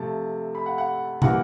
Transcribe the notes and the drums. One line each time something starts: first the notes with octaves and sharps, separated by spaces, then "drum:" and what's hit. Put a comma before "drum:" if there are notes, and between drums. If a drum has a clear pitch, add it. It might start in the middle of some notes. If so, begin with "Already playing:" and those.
Already playing: C3 F3 A3 A5
B5
F#5
F#5
E3 G3 A#3 F#5, drum: tom